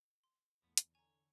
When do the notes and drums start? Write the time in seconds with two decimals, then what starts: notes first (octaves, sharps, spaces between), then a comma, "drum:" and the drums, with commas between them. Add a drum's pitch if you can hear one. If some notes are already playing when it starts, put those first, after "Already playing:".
0.24 C6
0.62 E2 B2 F3 A3 B3
0.77 drum: hi-hat
0.95 D3 C#5 G#5 A#5